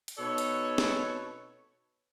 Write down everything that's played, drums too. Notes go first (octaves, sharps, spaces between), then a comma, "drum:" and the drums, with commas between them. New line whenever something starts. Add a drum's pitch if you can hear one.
drum: hi-hat
B2 D#4 A4 B4 C#5
drum: hi-hat
drum: snare